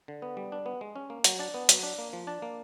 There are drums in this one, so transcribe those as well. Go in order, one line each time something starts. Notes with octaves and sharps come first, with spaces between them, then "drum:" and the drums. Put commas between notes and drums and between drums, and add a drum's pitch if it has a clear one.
D3
B3
G3
D4
B3
G#3
C#4
A#3
F#3, drum: hi-hat
D4 A5
B3
F#3, drum: hi-hat
D4
A#3
F3
D4 A5
A#3